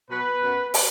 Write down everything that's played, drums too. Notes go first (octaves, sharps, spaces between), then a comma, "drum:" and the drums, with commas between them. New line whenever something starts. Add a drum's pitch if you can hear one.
B2 F#3 B3 B4
F#2 F#3 B3
drum: open hi-hat